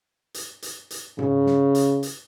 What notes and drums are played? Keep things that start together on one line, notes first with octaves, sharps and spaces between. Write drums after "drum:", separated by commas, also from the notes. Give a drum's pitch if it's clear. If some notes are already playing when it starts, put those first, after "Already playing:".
drum: hi-hat
drum: hi-hat
drum: hi-hat
C#3, drum: tom G#2
drum: snare
drum: hi-hat
drum: hi-hat